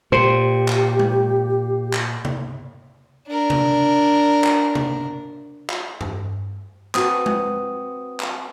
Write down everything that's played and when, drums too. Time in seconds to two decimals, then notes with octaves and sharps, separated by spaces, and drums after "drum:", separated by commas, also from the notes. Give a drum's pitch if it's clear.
0.12 A#2 G4 C5
0.68 drum: clap
0.99 drum: tom G#3
1.93 drum: clap
2.25 drum: tom C3
3.27 D4 A#4
3.50 drum: tom C3
4.44 drum: clap
4.75 drum: tom C3
5.69 drum: clap
6.01 drum: tom G2
6.95 C4 F#4 B4 D#6, drum: clap
7.26 drum: tom G#3
8.20 drum: clap